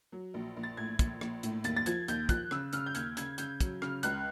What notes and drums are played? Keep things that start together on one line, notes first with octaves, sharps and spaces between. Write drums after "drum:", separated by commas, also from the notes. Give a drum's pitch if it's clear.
F#3
A#1
A#1
A6
A2 G#6
A#1, drum: kick, hi-hat
A#1, drum: rim click
A2, drum: hi-hat
D#2 A6, drum: hi-hat
A6
F3 G#6, drum: hi-hat
D#2 G6, drum: hi-hat
F3 F#6, drum: kick, hi-hat
C#3 E6, drum: rim click
C#3 F6, drum: hi-hat
G6
D#2 G#6, drum: hi-hat
C#3 G#6, drum: hi-hat
C#3 G6, drum: hi-hat
F#3, drum: kick, hi-hat
C#3 F6, drum: rim click
C#2 F#6, drum: hi-hat